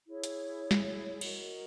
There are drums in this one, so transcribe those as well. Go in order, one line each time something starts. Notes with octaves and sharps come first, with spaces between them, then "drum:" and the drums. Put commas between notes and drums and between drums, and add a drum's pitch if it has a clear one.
E4 G#4 C#5
drum: hi-hat
drum: snare
F#4 A#4 D#5, drum: cymbal